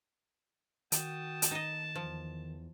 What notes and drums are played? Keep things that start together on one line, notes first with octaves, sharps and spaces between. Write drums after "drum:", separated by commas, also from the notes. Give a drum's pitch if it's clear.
D#3 F#4 G5 A5 D#6, drum: hi-hat
drum: hi-hat
D#4 D#5
E2 F3